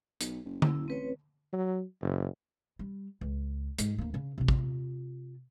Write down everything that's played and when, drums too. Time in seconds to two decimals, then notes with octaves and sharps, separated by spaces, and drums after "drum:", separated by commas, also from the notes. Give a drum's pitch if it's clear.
0.21 B1, drum: hi-hat
0.45 F#1
0.62 E4, drum: tom D3
0.88 A1 C4 B4 C#5
1.00 A1
1.53 F#3
2.01 F#1
2.79 G3
3.21 C#2
3.78 G#2 G#3, drum: hi-hat
3.98 D2 A#3
4.14 C#3 C#4
4.38 C3 F4
4.48 drum: kick